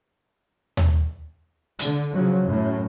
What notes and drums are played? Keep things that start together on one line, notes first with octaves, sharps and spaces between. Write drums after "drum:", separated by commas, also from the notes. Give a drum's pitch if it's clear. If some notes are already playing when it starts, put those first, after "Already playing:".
drum: tom D#2
D3, drum: hi-hat
C#3 F3 F#3
F#2 A2